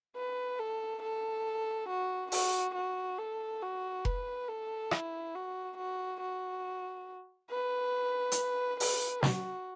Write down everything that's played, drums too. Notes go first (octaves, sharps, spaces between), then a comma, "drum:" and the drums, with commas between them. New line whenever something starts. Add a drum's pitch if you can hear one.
B4
A4
A4
F#4
F#4, drum: open hi-hat
F#4
A4
F#4
B4, drum: kick F1
A4
E4, drum: rim click
F#4
F#4
F#4
B4
drum: hi-hat
B4, drum: open hi-hat
F#4, drum: snare